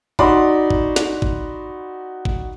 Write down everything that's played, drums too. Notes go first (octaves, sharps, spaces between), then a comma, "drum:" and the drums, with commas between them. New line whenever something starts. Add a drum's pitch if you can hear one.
D#4 F#4 D5 B5 C6, drum: kick
drum: kick
drum: snare
drum: kick
drum: kick